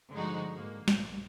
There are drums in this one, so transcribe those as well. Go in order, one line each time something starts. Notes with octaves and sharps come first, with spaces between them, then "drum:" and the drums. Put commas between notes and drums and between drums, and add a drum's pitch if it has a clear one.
G2 D3 F3 G#3 D#4 F#4
G#2 A#3
A#1 G2, drum: snare